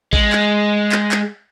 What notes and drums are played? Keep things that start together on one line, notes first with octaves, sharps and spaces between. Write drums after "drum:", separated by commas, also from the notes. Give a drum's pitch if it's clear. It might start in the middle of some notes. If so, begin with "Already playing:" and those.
G#3, drum: kick A1
drum: clap
drum: clap
drum: clap